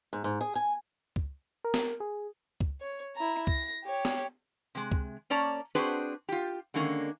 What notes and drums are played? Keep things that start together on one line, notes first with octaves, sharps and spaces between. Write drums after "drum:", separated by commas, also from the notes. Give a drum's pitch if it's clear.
G#2
G#2
G#4
G#5
drum: kick C#2
A#4
drum: snare
G#4
drum: kick C#2
C#5
E4 A#5
A#6, drum: kick C#2
G4 C#5
drum: snare
C3 G#3
drum: kick C#2
A#3 C#4 D5 A5 A#5
C4 D4 F#4 G#4 B4 C5
F4 G4
D3 D#3 G#3 A#3 C#4